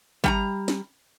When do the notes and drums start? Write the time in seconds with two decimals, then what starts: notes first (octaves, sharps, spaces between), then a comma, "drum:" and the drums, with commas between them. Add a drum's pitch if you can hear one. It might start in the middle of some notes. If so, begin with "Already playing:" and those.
0.24 G3 G5 A#5, drum: kick
0.68 drum: snare